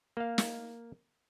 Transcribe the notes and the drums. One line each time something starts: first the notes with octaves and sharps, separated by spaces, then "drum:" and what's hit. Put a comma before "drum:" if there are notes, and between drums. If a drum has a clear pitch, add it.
A#3 F5
drum: snare